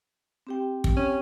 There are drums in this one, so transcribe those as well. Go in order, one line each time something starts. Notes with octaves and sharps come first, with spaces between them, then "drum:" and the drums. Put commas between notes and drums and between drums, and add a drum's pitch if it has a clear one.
C4 G4 G5
drum: kick
C#4